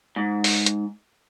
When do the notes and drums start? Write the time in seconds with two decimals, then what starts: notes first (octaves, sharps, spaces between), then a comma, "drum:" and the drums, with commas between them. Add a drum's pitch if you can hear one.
0.16 G#2
0.44 drum: open hi-hat
0.66 drum: hi-hat